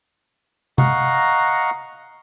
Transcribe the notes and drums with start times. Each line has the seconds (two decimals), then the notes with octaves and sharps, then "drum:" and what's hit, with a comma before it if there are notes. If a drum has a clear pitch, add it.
0.78 D#5 F5 F#5 A#5 C#6, drum: tom C3